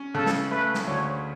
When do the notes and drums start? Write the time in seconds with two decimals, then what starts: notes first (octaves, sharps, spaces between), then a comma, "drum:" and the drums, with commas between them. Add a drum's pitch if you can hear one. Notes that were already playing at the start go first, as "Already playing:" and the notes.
Already playing: C#4
0.15 C#3 A4
0.26 drum: snare
0.51 A3 B4
0.74 drum: snare
0.87 D2 C#5